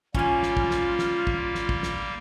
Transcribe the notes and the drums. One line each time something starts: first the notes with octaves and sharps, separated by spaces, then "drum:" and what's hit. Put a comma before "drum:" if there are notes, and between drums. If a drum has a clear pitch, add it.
G3 A#3 C#4 F4 G#5, drum: kick
drum: snare
drum: kick
drum: snare
drum: snare
drum: kick
drum: snare
drum: kick
drum: snare